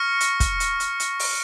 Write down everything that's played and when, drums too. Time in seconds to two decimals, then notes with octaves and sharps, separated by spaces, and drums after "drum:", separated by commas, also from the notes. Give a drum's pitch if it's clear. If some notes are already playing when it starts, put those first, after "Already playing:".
Already playing: C#6 F6 A#6 C#7
0.20 drum: hi-hat
0.40 drum: kick, hi-hat
0.60 drum: hi-hat
0.80 drum: hi-hat
1.00 drum: hi-hat
1.19 drum: open hi-hat